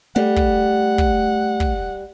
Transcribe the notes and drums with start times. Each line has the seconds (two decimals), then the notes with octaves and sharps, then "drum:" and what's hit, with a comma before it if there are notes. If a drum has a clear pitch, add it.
0.16 G3 A3 F#5
0.36 drum: kick
0.98 drum: kick
1.60 drum: kick